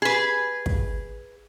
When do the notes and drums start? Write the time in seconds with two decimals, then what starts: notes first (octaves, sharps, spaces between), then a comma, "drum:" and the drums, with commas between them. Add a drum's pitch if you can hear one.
0.02 G#4 B4
0.66 drum: kick